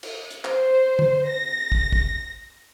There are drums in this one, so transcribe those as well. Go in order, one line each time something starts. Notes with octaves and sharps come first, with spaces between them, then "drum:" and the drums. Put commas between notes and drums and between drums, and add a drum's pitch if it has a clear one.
drum: cymbal
drum: hi-hat
C5, drum: clap
drum: tom
A#6
drum: kick
drum: kick